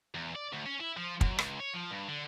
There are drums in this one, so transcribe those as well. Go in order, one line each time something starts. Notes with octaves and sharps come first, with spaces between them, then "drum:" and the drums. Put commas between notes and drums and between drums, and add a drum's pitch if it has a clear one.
E2
D5
D2
C#4
E4
F3
F#2, drum: kick
C#2, drum: rim click
C#5
F3
G2
D3